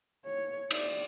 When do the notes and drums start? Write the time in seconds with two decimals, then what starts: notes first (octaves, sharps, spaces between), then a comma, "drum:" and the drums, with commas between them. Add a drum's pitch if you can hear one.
0.25 C#5
0.71 D5, drum: cymbal